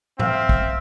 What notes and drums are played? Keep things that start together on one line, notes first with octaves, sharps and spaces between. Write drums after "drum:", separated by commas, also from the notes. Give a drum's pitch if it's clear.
C4 E5 F5, drum: tom G#2
drum: kick